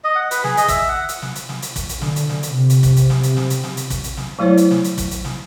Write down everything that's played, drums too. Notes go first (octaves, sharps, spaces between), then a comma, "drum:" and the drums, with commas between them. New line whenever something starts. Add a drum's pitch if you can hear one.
D#5
F#5
B4, drum: hi-hat
G#4, drum: snare
D#5, drum: hi-hat
E5, drum: kick, hi-hat
F#5
drum: hi-hat
drum: snare
drum: hi-hat
drum: snare
drum: hi-hat
drum: kick, hi-hat
drum: hi-hat
D3, drum: snare
drum: hi-hat
drum: snare
drum: hi-hat
C3
drum: hi-hat
drum: kick, hi-hat
drum: hi-hat
drum: snare
drum: hi-hat
drum: snare
drum: hi-hat
drum: snare
drum: hi-hat
drum: kick, hi-hat
drum: hi-hat
drum: snare
F#3 A3 E4 C5 C#5
drum: hi-hat
drum: snare
drum: hi-hat
drum: kick, hi-hat
drum: hi-hat
drum: snare